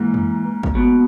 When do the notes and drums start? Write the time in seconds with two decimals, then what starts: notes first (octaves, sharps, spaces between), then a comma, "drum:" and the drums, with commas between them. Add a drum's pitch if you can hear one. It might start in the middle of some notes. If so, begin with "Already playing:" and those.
Already playing: G#2 E3 A#3
0.14 drum: tom F2
0.63 drum: kick
0.75 B2